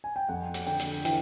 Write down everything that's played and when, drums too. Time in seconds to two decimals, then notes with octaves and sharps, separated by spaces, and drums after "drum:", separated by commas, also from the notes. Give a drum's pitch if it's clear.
0.04 G#5
0.16 G5
0.29 F2 F#5
0.54 drum: hi-hat
0.67 D3 G5
0.79 drum: hi-hat
1.05 E3 G5, drum: hi-hat